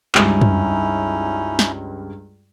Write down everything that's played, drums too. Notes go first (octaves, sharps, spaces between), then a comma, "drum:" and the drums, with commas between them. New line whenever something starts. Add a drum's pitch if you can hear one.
C#2 G2 C#4 D#4 E4, drum: clap
drum: tom
drum: snare